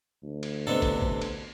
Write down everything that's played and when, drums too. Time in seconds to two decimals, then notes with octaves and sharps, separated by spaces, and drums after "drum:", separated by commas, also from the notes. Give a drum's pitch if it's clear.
0.23 D2
0.43 drum: cymbal
0.67 C3 B3 D4 A4 C5 D#5
0.82 drum: kick, cymbal
1.02 drum: kick
1.22 drum: cymbal